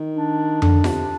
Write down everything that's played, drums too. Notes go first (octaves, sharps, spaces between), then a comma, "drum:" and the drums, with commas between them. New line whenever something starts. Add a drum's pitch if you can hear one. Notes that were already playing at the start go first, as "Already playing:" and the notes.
Already playing: D#3
D4
D3, drum: tom F2
C3, drum: snare F4